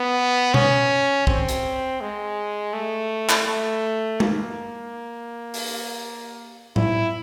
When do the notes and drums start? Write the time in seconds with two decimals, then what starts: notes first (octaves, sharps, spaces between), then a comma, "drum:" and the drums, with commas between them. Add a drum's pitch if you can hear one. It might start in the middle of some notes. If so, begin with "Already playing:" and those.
Already playing: B3
0.54 C#4, drum: tom B2
1.27 C4, drum: kick
1.49 drum: hi-hat
2.01 G#3
2.73 A3
3.29 drum: clap
3.47 A3
4.20 A#3, drum: tom G#3
5.54 drum: open hi-hat
6.76 E4, drum: tom A2